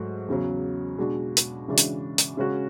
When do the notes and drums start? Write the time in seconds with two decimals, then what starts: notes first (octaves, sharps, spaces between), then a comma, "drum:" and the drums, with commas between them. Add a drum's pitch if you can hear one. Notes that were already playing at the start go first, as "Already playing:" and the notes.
Already playing: G#2 F#3 A3 F#4
0.28 E2 C#3 F#3
0.98 B2 G#3 D4 F#4
1.37 drum: hi-hat
1.68 C#3 E3 G#3 D4 F#4
1.78 drum: hi-hat
2.18 drum: hi-hat
2.37 C#3 G#3 C#4 F#4